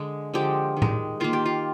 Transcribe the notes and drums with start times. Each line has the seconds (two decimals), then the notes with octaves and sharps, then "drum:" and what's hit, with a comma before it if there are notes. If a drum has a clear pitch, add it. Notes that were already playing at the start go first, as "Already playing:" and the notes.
Already playing: D3 G#3
0.34 D3 F3 G#3 G4
0.77 D#3
0.82 G#3, drum: tom A2
1.20 D#3 A#3 F4
1.33 G4
1.46 F4